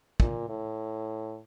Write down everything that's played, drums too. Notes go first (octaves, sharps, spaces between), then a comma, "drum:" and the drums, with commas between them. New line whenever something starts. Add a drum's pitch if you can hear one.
A#2, drum: kick
A2